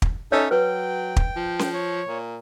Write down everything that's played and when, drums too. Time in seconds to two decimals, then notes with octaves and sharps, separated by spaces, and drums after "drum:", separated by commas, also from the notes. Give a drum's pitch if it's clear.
0.02 drum: kick
0.32 C#4 D#4 A4 C#5 E5
0.51 F#3 B4 G5
1.16 drum: kick
1.36 F3
1.59 drum: snare C#4
1.74 C#5
2.08 A#2